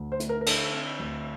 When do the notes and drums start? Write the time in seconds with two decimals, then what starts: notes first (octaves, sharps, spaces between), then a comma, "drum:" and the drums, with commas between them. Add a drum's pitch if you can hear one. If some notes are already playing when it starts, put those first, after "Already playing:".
Already playing: D2
0.12 C5
0.20 A3, drum: hi-hat
0.29 A#4
0.41 A#4
0.46 D3 A4, drum: cymbal
0.73 C4
0.99 D2